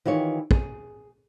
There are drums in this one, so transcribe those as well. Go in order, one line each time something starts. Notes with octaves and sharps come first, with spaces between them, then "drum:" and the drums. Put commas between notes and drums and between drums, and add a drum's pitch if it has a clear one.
D#3 E3 F4 G4 C#5
G#4, drum: kick